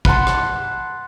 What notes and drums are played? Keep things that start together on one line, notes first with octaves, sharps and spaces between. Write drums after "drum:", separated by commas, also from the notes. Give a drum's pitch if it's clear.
B4 F#5 A5 C6, drum: kick
drum: rim click